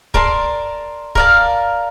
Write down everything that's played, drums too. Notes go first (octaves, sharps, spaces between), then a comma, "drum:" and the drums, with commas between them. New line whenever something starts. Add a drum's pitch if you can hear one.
A#4 D5 A5 C6, drum: kick
A#4 D5 F5 A5, drum: kick